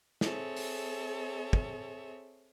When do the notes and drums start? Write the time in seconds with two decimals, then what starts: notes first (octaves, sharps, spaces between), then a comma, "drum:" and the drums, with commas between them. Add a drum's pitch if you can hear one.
0.21 C4 G#4 A4 C#5 E5, drum: snare
0.56 drum: open hi-hat
1.53 drum: kick